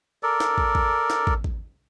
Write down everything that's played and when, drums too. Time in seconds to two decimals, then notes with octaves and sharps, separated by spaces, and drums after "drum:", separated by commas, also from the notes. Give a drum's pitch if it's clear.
0.23 A4 A#4 D5
0.40 drum: snare
0.58 drum: kick
0.75 drum: kick
1.10 drum: snare
1.27 drum: kick
1.44 drum: kick